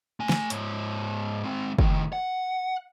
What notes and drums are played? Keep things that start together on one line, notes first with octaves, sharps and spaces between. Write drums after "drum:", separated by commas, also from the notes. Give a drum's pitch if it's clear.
A3 G#5
drum: snare
G#2 C#5, drum: hi-hat
G#3 C4
A2 D#3, drum: kick
F#5